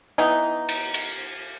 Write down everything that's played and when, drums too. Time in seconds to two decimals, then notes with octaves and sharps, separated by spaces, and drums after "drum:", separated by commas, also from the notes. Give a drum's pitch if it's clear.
0.18 E3 B3 D#4
0.69 drum: cymbal
0.94 drum: cymbal